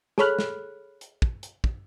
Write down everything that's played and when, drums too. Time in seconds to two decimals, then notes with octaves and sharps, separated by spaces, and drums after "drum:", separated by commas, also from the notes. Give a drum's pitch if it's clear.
0.18 G#4 A4 C#5 B5 F6 F#6, drum: snare
0.39 drum: snare
1.01 drum: hi-hat
1.22 drum: kick
1.43 drum: hi-hat
1.64 drum: kick